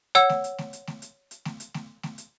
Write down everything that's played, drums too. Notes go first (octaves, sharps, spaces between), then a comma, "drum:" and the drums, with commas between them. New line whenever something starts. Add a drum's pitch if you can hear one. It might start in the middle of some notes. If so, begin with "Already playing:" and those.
C#5 F#5 E6, drum: hi-hat
drum: snare A3
drum: hi-hat
drum: snare A3
drum: hi-hat
drum: snare A3
drum: hi-hat
drum: hi-hat
drum: snare A3
drum: hi-hat
drum: snare A3
drum: snare A3
drum: hi-hat